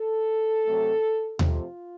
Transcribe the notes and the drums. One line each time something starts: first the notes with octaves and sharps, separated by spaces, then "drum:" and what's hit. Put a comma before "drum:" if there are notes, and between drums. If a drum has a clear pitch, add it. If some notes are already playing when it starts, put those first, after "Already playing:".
Already playing: A4
C3 F#3 A3
F2 C3 F3 A3 C4 F4, drum: tom D#2